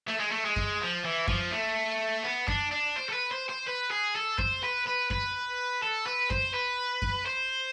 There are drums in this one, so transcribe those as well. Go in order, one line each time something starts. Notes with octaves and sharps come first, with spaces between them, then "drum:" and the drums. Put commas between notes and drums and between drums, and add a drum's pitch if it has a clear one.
A3
G#3
A3
G#3
drum: kick F#2
F3
E3
F3, drum: kick F#2
A3
B3
D4, drum: kick F#2
D4
C5
A4
B4
C5
C5
B4
G#4
A4
C5, drum: kick F#2
B4
B4
B4, drum: kick F#2
A4
B4
C5, drum: kick F#2
B4
drum: kick F#2
C5